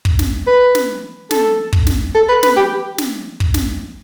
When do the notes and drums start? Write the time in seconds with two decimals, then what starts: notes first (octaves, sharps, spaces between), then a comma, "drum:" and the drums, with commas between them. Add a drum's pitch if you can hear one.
0.05 drum: kick
0.19 drum: snare
0.47 B4
0.75 drum: snare
1.31 A4, drum: snare
1.73 drum: kick
1.87 drum: snare
2.15 A4
2.29 B4
2.43 B4, drum: snare
2.57 G4
2.98 drum: snare
3.40 drum: kick
3.54 drum: snare